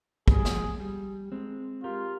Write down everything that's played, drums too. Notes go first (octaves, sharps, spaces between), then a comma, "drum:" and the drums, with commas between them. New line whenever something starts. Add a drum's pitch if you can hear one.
G3 G#4, drum: kick
F3 G#3, drum: snare
G3
G#3 C4
F4 G4 A#4